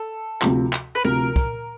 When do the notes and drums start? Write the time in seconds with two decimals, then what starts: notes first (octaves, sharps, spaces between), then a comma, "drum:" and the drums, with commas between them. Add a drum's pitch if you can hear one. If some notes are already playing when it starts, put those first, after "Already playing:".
Already playing: A4
0.42 D2 C3 F3, drum: clap
0.73 drum: clap
0.95 B4
1.04 D2 C3 F3 A#4
1.36 drum: kick